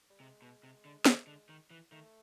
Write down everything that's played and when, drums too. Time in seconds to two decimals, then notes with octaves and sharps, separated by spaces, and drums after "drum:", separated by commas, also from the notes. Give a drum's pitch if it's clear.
0.10 G3
0.20 C3 G#3
0.42 B2
0.63 C3
0.85 D3
1.06 D#3, drum: snare
1.27 D3
1.49 D#3
1.70 E3
1.92 D#3 A3